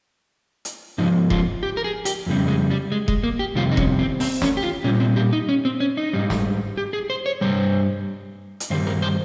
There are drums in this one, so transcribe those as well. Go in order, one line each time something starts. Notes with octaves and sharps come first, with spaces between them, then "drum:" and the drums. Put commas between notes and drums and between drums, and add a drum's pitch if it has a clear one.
drum: hi-hat
G#2 F3 D#4
F4, drum: kick E1
G4
A#4
G#4
G4, drum: hi-hat
F2 C#3 G3
G#3
G3
G#3
G#3, drum: kick E1
A#3
G4
F2 C3 D#3 G3 F4
D#4
C#4, drum: kick E1
C4
C4, drum: open hi-hat
C#4, drum: snare
G4
F4
A#2 G3 C#4
C4
G4
D#4
C#4
C4
C#4
D#4
G#2 G3
drum: snare
G4
G#4
C5
C#5
G2 D#3 G3 C5
drum: hi-hat
G2 D#3 G3 C5
A#4
C5